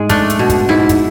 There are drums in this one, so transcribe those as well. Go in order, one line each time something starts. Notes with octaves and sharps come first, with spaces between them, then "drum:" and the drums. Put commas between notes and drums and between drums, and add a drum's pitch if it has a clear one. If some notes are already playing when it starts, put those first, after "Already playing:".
Already playing: G#2 G#3
A3 D4, drum: kick, hi-hat
drum: hi-hat
B2
drum: kick, hi-hat
G#2 E4
drum: kick, hi-hat